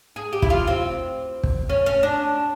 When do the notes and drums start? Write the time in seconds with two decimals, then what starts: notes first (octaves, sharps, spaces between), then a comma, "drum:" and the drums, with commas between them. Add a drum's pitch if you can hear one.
0.16 G#4
0.33 G4
0.42 E4, drum: kick
0.50 F4
0.67 C4
1.43 drum: kick
1.69 C#4
1.86 C#4
2.03 D4